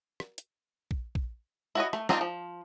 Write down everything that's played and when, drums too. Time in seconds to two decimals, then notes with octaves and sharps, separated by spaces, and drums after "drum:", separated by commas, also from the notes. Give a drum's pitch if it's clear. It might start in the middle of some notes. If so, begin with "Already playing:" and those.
0.20 drum: rim click
0.38 drum: hi-hat
0.91 drum: kick
1.15 drum: kick
1.75 E4 F#4 C#5 D#5
1.93 A3, drum: rim click
2.09 A#3 C4 D4 D#4 F4, drum: snare
2.21 F3